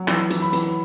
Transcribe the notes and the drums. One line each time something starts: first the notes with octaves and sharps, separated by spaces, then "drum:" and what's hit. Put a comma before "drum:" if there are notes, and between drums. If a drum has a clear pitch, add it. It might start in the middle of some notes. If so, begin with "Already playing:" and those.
Already playing: F#3
E3, drum: clap
E3, drum: hi-hat
B5
E3, drum: hi-hat